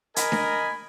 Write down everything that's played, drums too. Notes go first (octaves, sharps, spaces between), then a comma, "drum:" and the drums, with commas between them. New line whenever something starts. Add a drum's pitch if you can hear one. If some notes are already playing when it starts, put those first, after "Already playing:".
A#4 D#5 G#5 B5, drum: hi-hat
drum: snare D4